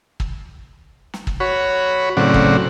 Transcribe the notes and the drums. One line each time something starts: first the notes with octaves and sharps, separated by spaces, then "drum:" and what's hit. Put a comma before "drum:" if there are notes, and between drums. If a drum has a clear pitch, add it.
drum: kick
drum: snare
drum: kick
F#4 C#5 B5
A2 C#3 F#3 C4 D5 F#5
drum: kick